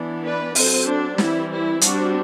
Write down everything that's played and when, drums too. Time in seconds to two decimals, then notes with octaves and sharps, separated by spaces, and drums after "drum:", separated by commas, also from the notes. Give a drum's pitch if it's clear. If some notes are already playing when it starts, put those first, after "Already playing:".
Already playing: E3 B3 D4
0.24 B4 D5
0.55 F#3 C4 A4 C5, drum: open hi-hat
0.87 D4
1.18 E3 G3 C4 E4, drum: snare
1.51 E4
1.81 G3 C4 D4 F#4, drum: hi-hat